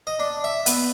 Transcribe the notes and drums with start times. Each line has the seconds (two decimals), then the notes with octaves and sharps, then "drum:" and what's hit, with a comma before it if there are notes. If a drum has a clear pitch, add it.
0.07 D#5
0.19 D4
0.44 E5
0.66 B3, drum: hi-hat